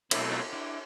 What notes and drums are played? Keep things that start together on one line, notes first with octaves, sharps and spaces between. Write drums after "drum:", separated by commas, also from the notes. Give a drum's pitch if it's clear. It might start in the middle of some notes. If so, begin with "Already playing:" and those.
B2 F#3 A3 C4 D4 E4, drum: cymbal
D#4 F4
D4 E4